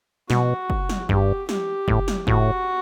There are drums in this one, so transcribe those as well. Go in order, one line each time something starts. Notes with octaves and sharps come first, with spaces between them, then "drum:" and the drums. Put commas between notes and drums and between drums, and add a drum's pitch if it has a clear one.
B2 F#4, drum: snare
drum: kick
drum: snare
G2 G4, drum: kick
G4, drum: snare
A2, drum: kick
drum: snare
A2 F#4, drum: kick